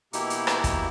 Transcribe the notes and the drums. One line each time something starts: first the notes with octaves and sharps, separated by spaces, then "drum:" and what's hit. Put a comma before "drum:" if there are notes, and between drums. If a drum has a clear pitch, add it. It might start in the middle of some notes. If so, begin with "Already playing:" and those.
B2 A#3 D#4 E4 G4, drum: hi-hat
drum: hi-hat
drum: rim click
drum: kick, hi-hat